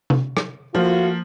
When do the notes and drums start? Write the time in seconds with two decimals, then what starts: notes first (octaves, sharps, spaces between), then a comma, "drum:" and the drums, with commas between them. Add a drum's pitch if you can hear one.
0.10 drum: tom C3
0.37 drum: rim click
0.75 F3 A3 A#3 F4 F#4